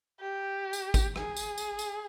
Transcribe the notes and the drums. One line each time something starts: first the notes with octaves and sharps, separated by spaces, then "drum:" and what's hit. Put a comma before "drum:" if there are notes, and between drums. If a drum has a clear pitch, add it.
G4
drum: tambourine
drum: kick, tambourine
G#4, drum: rim click
drum: tambourine
drum: tambourine
drum: tambourine